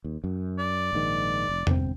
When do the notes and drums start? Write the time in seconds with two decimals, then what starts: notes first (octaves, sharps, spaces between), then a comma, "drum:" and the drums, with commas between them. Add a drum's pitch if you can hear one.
0.04 D#2
0.24 F#2
0.59 D5
0.93 A#1 G#2 D#3
1.49 F1
1.67 G1 C4, drum: tom E2